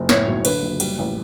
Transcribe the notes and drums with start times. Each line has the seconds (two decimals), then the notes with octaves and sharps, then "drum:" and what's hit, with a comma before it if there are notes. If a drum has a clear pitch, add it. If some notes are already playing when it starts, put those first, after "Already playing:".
Already playing: F#1
0.09 A2 C#5, drum: snare
0.27 B1
0.45 D3 B4, drum: cymbal
0.63 F#1
0.80 G3, drum: cymbal
0.99 A1